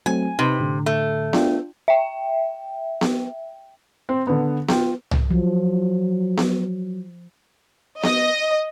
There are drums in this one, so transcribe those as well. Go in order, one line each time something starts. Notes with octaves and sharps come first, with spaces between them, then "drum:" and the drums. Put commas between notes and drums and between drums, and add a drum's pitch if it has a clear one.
F#3 A3 C4 G#5
C3 D#4 B4 B5
A2 D3
A3
D4 F4 G5, drum: snare B3
E5 G5
drum: snare B3
C4
D3 B3
F4 G5, drum: snare B3
drum: tom C2
F3 F#3
drum: snare B3
D#5, drum: snare B3